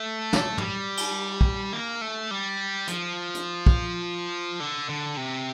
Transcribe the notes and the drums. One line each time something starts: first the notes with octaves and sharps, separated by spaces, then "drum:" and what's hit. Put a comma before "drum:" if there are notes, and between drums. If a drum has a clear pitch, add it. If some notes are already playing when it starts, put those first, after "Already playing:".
Already playing: A3
drum: snare
G3, drum: tom
drum: cymbal
drum: kick
A#3
A3
G3
F3, drum: hi-hat
drum: hi-hat
drum: kick
D3
D3
C3